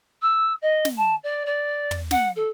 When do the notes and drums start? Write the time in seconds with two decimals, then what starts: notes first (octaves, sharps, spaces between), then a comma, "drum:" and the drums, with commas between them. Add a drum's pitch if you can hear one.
0.22 E6
0.61 D#5
0.85 drum: snare
0.97 A5
1.23 D5
1.46 D5
1.91 drum: tom
2.11 F#5, drum: snare
2.35 A4